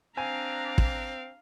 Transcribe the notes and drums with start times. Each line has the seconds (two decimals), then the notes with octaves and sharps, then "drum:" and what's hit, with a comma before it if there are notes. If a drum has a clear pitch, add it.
0.17 C4 D4 F5 G#5 A#5
0.78 drum: kick